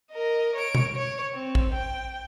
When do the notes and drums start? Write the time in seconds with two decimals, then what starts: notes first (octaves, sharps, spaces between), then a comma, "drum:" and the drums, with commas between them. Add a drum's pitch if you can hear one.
0.12 A#4 D#5
0.56 C#5 D7
0.75 drum: tom B2
0.96 C#5
1.34 C4
1.55 drum: kick
1.74 G5